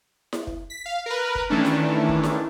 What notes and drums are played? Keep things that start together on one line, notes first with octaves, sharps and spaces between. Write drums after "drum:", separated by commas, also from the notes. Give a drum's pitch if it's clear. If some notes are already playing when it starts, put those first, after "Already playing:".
drum: snare E4
drum: kick
B6
F5
A#4 B4
drum: kick
D#3 E3 A3 C#4 D4
drum: snare E4
drum: kick
drum: snare E4